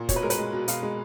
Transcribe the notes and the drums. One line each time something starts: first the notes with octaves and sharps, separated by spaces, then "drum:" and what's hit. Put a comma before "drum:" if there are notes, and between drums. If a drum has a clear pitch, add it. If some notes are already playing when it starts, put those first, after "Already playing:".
Already playing: A#2
B2 C#5, drum: kick, hi-hat
B4
G#3 A#4
B4, drum: hi-hat
G#3
B2
B2 F5, drum: hi-hat
G#3